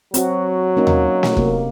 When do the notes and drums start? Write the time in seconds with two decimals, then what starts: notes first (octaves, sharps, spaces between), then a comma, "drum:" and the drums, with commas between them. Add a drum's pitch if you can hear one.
0.14 F#3 C4 F#4, drum: hi-hat
0.77 A#3 C#4 D#4
0.87 drum: tom D#2
1.23 drum: snare
1.37 C3 A#3, drum: kick